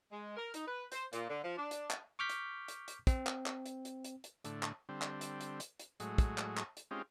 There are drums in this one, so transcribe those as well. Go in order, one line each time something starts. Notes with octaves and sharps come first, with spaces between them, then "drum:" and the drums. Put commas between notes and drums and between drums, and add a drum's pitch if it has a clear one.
G#3
A#4
D#4, drum: hi-hat
B4
C5, drum: hi-hat
A#2, drum: hi-hat
D3
F3
D4
drum: hi-hat
drum: clap
C#6 D6 F6 G6 B6
drum: hi-hat
drum: hi-hat
drum: hi-hat
C4, drum: kick, hi-hat
drum: clap
drum: clap
drum: hi-hat
drum: hi-hat
drum: hi-hat
drum: hi-hat
A2 D3, drum: hi-hat
drum: clap
D3 G3 C4
drum: clap
drum: hi-hat
drum: hi-hat
drum: hi-hat
drum: hi-hat
A2 F#3 G#3, drum: hi-hat
drum: kick, hi-hat
drum: clap
drum: clap
drum: hi-hat
G#3 C4 C#4 D#4 F4 G4